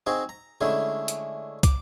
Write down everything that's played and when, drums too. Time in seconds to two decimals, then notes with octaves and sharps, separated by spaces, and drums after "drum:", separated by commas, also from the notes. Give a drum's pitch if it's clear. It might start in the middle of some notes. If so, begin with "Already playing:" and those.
0.07 C4 D#4 F#4 G#4
0.29 A#5
0.61 D3 G#3 A3 C#4 E4
1.08 drum: hi-hat
1.63 D6, drum: kick, hi-hat